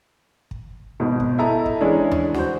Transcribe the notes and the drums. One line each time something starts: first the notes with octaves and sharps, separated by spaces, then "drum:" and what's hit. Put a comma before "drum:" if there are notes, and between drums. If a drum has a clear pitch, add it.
drum: kick
G#1 B2
drum: kick
E4 A4 D#5 A5 A#5
drum: kick
E3 G#3 C#4 D4
drum: tom D#2
F#4 C5, drum: snare